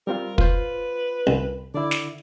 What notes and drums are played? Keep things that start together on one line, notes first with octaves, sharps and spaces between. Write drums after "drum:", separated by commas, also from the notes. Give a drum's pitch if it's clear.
G3 C4 F4 A#4
F4 B4 C5, drum: kick
C2
D3 E4 D5
drum: snare